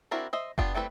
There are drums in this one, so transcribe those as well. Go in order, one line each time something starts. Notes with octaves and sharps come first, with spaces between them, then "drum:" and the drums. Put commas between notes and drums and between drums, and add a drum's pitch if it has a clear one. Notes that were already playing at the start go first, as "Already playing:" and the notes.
C4 D4 E4 F#4 A#4
C5 D#5 E5
B3 D4 F4 G4, drum: kick F#1
G3 A3 C4 E4 B4